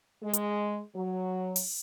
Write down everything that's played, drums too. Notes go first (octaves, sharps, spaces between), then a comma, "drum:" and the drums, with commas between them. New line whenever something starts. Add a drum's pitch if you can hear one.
G#3
drum: hi-hat
F#3
drum: open hi-hat